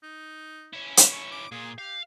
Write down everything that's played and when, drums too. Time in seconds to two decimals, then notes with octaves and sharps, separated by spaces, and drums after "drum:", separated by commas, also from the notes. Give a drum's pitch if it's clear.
0.03 D#4
0.73 C#4 E4
0.97 drum: hi-hat
1.12 C#6
1.32 D6
1.52 A#2 G#4
1.78 G4 F5